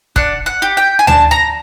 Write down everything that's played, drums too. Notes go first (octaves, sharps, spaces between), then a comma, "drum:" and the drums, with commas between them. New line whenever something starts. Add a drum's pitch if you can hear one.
D4 F#5, drum: kick
F#5
G4
G5
G#5
D4 A5, drum: tom D2
A#5